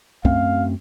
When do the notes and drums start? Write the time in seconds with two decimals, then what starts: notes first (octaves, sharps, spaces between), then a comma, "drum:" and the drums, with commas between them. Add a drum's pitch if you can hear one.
0.25 F#2 A3 C4 F5, drum: kick